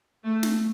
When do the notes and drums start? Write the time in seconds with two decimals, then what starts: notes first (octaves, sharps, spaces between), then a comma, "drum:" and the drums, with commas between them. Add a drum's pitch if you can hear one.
0.26 A3
0.43 drum: snare